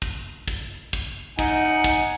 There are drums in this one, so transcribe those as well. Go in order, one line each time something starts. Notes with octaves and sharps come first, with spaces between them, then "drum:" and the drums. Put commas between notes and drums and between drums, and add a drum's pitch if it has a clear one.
drum: kick
drum: kick
drum: kick
D#4 F#5 G#5, drum: kick
drum: kick